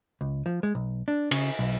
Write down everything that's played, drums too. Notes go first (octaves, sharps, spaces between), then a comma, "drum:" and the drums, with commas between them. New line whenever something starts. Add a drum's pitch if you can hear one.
C#2
F3
G#3
B1
D4
C#3, drum: cymbal
B1